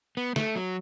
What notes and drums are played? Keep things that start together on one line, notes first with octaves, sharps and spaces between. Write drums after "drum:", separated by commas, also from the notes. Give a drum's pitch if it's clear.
B3
A3, drum: snare
F#3